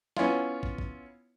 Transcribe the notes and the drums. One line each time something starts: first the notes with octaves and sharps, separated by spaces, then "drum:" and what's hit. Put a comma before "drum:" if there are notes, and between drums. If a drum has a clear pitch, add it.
B3 C#4 E4 F4, drum: snare
drum: kick
drum: kick